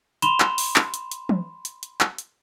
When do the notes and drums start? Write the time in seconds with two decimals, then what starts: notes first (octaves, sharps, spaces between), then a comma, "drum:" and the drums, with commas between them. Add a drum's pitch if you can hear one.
0.22 B5 C6 E7 F7 G7, drum: hi-hat
0.40 drum: clap
0.58 drum: open hi-hat
0.76 drum: clap
0.94 drum: hi-hat
1.12 drum: hi-hat
1.29 drum: tom E3
1.65 drum: hi-hat
1.83 drum: hi-hat
2.01 drum: clap
2.18 drum: hi-hat